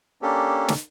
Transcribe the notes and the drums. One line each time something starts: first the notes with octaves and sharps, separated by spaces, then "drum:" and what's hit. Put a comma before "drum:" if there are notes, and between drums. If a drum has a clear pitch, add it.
A#3 C#4 D4 G4 A4
drum: snare